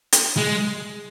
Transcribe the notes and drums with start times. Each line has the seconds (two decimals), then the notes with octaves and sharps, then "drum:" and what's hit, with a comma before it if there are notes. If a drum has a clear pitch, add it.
0.12 drum: hi-hat
0.37 G#3